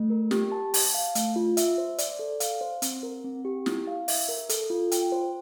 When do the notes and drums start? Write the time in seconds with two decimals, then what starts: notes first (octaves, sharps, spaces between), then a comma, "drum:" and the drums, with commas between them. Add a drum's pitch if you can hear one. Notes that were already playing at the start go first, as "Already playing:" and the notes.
Already playing: A3
0.10 A#4
0.31 G4, drum: snare
0.52 A5
0.74 A5, drum: open hi-hat
0.94 F5
1.15 A3, drum: hi-hat
1.36 F4
1.57 E5, drum: hi-hat
1.78 C5
1.98 D5, drum: hi-hat
2.19 A4
2.40 F5, drum: hi-hat
2.61 C5
2.82 C4, drum: hi-hat
3.03 A#4
3.24 C4
3.45 G4
3.66 E4, drum: snare
3.87 F5
4.08 E5, drum: open hi-hat
4.29 A#4
4.49 A4, drum: hi-hat
4.70 F4
4.92 G5, drum: hi-hat
5.12 C5